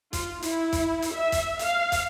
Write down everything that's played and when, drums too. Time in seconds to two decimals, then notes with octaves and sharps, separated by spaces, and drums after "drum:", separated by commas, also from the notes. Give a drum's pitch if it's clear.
0.13 F4, drum: kick, hi-hat
0.43 E4, drum: hi-hat
0.73 drum: kick, hi-hat
1.02 drum: hi-hat
1.12 E5
1.32 drum: kick, hi-hat
1.59 F5, drum: hi-hat
1.92 drum: kick, hi-hat